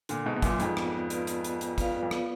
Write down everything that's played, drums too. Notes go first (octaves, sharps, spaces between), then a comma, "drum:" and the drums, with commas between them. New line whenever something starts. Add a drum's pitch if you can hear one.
A#2 D3 B3, drum: hi-hat
G#2 B2
B2
F#2 A#2 F4 B4 D5 F5, drum: kick, hi-hat
F2 G#2, drum: hi-hat
B3, drum: rim click
F4 B4 D5 F5, drum: hi-hat
drum: hi-hat
B3, drum: hi-hat
drum: hi-hat
F4 B4 D5 F5, drum: kick, hi-hat
F2
B3, drum: rim click